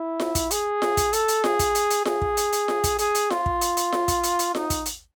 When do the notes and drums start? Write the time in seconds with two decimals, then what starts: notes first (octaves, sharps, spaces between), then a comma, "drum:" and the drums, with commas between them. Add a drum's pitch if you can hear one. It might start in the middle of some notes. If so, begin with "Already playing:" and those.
Already playing: E4
0.20 drum: snare F4
0.35 drum: kick, hi-hat
0.51 G#4, drum: hi-hat
0.82 drum: snare F4
0.97 drum: kick, hi-hat
1.13 A4, drum: hi-hat
1.28 drum: hi-hat
1.44 G#4, drum: snare F4
1.59 drum: kick, hi-hat
1.75 drum: hi-hat
1.90 drum: hi-hat
2.05 G#4, drum: snare F4
2.22 drum: kick
2.37 drum: hi-hat
2.53 drum: hi-hat
2.68 drum: snare F4
2.84 drum: kick, hi-hat
2.99 G#4, drum: hi-hat
3.15 drum: hi-hat
3.30 F4, drum: snare F4
3.46 drum: kick
3.61 drum: hi-hat
3.77 drum: hi-hat
3.92 drum: snare F4
4.08 drum: kick, hi-hat
4.24 drum: hi-hat
4.39 drum: hi-hat
4.55 D#4, drum: snare F4
4.70 drum: kick, hi-hat
4.86 drum: hi-hat